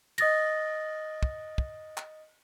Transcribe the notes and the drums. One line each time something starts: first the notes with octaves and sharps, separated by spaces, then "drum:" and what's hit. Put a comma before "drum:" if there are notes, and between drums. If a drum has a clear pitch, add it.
D#5 D#6 A6 A#6, drum: cymbal
drum: kick
drum: kick
drum: clap